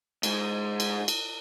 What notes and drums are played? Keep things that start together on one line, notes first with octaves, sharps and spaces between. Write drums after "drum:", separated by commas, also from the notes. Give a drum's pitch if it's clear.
G#2 G#3, drum: cymbal
drum: cymbal
drum: cymbal